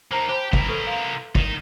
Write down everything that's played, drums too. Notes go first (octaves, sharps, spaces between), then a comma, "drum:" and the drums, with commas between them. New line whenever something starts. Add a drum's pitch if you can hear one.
A#3 D#4 C5 A5 A#5
G4 C5 A5 B5
E4 A#4, drum: kick
A4 B4 C#6
F5 C6
D#3 D#4, drum: kick